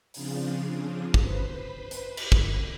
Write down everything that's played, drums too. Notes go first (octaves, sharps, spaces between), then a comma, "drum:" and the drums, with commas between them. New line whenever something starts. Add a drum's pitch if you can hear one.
C#3 F3 C4 D4 F4 G#4, drum: open hi-hat
B4 C5 B5 B6, drum: kick
drum: hi-hat
drum: cymbal
drum: kick